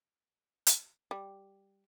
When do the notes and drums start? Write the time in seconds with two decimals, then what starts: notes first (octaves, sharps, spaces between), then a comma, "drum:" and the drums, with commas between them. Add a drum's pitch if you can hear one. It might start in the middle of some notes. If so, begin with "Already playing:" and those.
0.67 drum: hi-hat
1.11 G3